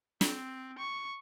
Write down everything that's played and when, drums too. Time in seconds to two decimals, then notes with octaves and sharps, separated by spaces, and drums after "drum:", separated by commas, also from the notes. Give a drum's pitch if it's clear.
0.21 C4, drum: snare
0.79 C#6